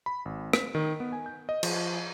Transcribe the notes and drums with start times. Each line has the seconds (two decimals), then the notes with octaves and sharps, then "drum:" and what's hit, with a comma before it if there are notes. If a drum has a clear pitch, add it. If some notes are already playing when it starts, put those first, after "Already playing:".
0.06 B5
0.25 G#1
0.53 B6, drum: rim click
0.75 D#3
1.00 B3
1.12 G#5
1.26 G6
1.49 D#5
1.63 F3, drum: cymbal